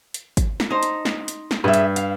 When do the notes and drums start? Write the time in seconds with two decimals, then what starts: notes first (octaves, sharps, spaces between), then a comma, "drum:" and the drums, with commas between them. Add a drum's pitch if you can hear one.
0.14 drum: hi-hat
0.37 drum: kick, hi-hat
0.60 drum: snare
0.70 D#4 C5
0.83 drum: hi-hat
1.05 drum: snare
1.28 drum: hi-hat
1.51 drum: snare
1.64 G2 G#4 E5
1.74 drum: hi-hat
1.96 F5, drum: hi-hat